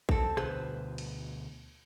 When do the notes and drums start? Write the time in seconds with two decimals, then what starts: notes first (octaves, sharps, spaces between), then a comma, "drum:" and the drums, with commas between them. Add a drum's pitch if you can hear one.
0.09 C4 A4, drum: kick A1
0.37 D2 G2 B2 B4 C5, drum: rim click
0.98 drum: cymbal